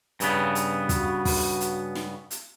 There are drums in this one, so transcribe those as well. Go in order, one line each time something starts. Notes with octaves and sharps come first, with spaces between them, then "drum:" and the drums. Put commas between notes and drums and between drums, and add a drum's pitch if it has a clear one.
G2 C#3 B3, drum: hi-hat
drum: hi-hat
F#4, drum: kick, hi-hat
drum: kick, open hi-hat
drum: hi-hat
drum: snare
drum: hi-hat